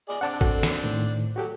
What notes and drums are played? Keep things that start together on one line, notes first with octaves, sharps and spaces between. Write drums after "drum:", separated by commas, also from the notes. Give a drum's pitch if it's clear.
G#4 D5 D#5
C4 D4 F#5 A5 D6
F#4 A4, drum: kick
drum: snare
A2 D#3
F#3 F#4 G4 A4